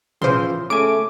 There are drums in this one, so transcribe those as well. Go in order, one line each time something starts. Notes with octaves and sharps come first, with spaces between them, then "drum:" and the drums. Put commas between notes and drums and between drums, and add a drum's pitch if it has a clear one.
C#3 E3 F3 F4 C5 C6, drum: tom A2
C#3 A3 G#5 D6 D7